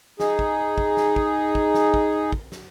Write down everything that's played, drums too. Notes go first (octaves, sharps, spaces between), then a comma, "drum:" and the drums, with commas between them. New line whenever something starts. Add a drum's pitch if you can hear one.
D#4 G#4, drum: snare
drum: kick
drum: kick
drum: snare
drum: kick
drum: kick
drum: snare
drum: kick
drum: kick
drum: snare